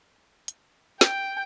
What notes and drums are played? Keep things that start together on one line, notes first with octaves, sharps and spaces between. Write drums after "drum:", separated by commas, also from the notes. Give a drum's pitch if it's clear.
drum: hi-hat
G5, drum: snare